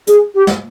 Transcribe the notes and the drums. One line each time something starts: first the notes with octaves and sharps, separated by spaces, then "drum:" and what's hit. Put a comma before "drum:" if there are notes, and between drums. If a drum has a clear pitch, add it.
G#4, drum: hi-hat
G4
drum: snare